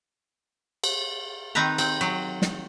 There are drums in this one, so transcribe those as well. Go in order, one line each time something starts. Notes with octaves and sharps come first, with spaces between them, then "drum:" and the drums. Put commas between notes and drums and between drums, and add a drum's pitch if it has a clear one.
drum: cymbal
D#3 C4 B4 A#5
C4, drum: cymbal
F#3
drum: snare